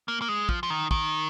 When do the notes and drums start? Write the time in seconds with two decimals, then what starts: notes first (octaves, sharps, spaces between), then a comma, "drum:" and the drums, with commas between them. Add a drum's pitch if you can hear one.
0.08 A#3
0.22 A#3
0.29 G#3
0.49 F3, drum: kick
0.63 F3
0.70 D#3
0.91 D#3, drum: kick